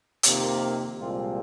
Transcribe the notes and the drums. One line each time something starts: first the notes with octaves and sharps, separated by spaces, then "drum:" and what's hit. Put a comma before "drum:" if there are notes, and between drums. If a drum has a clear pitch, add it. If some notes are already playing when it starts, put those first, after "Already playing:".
F2 C3 D#3 A#3, drum: hi-hat
C2 A#2 F3 G#3 C4 F4